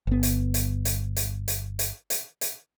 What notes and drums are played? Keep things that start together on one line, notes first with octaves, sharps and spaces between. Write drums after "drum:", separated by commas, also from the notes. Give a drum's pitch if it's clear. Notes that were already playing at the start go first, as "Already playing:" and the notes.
G1 B3
drum: hi-hat
drum: hi-hat
drum: hi-hat
drum: hi-hat
drum: hi-hat
drum: hi-hat
drum: hi-hat
drum: hi-hat